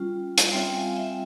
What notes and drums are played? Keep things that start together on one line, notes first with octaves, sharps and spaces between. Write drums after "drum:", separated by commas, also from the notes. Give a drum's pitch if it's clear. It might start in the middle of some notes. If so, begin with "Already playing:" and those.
Already playing: G3 C#4 F4
drum: hi-hat
G3 C4 F4 E5 G5
F5 G#5
E5 G5